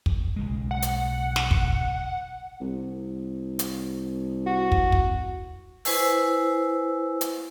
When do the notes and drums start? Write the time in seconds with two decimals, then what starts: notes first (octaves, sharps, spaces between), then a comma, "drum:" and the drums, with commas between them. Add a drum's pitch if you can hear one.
0.06 drum: kick
0.36 B1 C#3 G#3
0.71 F#5
0.82 drum: hi-hat
1.36 drum: snare
1.51 drum: kick
2.61 C2
3.59 drum: hi-hat
4.46 F#4
4.72 drum: kick
4.92 drum: kick
5.85 E4 B4 C5 G#5 E6, drum: open hi-hat
7.21 drum: hi-hat